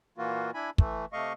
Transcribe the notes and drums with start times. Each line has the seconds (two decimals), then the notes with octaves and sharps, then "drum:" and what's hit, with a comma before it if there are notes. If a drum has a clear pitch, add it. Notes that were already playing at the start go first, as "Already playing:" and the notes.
0.18 A#2 E3 A#3 F4 F#4
0.54 D4 E4 G#5 B5
0.78 E3 A3, drum: kick
1.13 C3 A3 D#5 F5 C#6